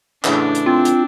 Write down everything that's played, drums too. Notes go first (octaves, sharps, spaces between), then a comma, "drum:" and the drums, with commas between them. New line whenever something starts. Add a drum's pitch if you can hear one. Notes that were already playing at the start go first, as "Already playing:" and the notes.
A2 C#3 E3 D4, drum: clap
drum: hi-hat
C4 F4
drum: hi-hat